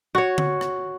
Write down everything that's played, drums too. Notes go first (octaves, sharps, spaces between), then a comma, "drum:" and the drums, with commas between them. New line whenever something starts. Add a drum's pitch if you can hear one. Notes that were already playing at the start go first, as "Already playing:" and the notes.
F#4 C#5
drum: tom D3
drum: rim click